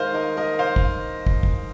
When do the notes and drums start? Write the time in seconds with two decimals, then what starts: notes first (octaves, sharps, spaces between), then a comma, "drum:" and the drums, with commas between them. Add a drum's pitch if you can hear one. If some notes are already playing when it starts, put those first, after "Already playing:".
Already playing: D#2 D#3 G#3 D#4 A#4 C5 D#5 F5
0.14 A#4 D#5
0.37 A#4 D#5
0.59 C5 F5
0.76 drum: kick
1.26 drum: kick
1.43 drum: kick